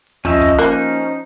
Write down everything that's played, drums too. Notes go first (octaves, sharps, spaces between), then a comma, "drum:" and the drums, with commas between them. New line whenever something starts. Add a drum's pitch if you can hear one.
drum: hi-hat
F3 C#4 D#5 E5, drum: kick, open hi-hat
drum: kick, hi-hat
A#3 C#4 D#4 C5 F#6
drum: hi-hat